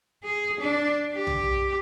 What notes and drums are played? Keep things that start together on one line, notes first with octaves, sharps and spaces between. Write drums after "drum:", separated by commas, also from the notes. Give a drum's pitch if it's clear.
G#4
D4
G4
drum: tom B1